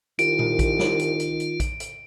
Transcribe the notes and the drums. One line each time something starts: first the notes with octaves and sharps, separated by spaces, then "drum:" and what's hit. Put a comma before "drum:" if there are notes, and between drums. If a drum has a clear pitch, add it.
C2 D#3 F4 D7, drum: hi-hat
drum: tom A#2
drum: kick A#1, hi-hat
drum: snare
drum: hi-hat
drum: hi-hat
drum: hi-hat
drum: kick A#1, hi-hat
drum: hi-hat